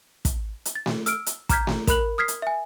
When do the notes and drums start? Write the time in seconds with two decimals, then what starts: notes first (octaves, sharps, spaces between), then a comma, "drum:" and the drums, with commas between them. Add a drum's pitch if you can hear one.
0.25 drum: kick, hi-hat
0.65 drum: hi-hat
0.75 A6
0.86 drum: snare A3
1.06 E6 F6 D7, drum: hi-hat
1.26 drum: hi-hat
1.49 A#5 D6 F6 G6 G#6 B6, drum: kick, hi-hat
1.67 drum: snare A3
1.87 A#4 B5 F#6 F#7, drum: kick, hi-hat
2.18 D#6 F6 G#6 B6 C7
2.28 drum: hi-hat
2.42 E5 G#5